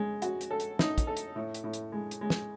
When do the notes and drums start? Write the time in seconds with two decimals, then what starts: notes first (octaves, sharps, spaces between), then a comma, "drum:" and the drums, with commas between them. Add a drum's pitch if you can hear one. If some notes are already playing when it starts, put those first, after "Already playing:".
Already playing: G#3
0.22 F#4, drum: hi-hat
0.41 drum: hi-hat
0.51 A4
0.60 drum: hi-hat
0.79 D#4, drum: snare
0.98 drum: kick, hi-hat
1.07 A4
1.17 drum: hi-hat
1.36 A2
1.54 drum: hi-hat
1.64 A2
1.73 drum: hi-hat
1.92 G#3
2.11 drum: hi-hat
2.21 G#3
2.30 drum: snare